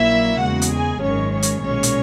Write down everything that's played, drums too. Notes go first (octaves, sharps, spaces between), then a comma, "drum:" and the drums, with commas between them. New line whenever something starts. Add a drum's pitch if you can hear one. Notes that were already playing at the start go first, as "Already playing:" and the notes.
Already playing: A#1 A#2 F#3 A#3 E4 E5
E2 C#3 G#3 F#4 F#5
drum: hi-hat
G#4 G#5
G#1 F#2 D#3 G#3 C#4 C#5
C#4 C#5
drum: hi-hat
B1 A#2 G#3 C#4 C#5
drum: hi-hat